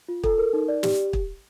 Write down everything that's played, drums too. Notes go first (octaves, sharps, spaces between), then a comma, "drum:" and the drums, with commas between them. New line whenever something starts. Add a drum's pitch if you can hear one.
F4
A4, drum: kick
A#4
D#4
D5
G4, drum: snare
drum: kick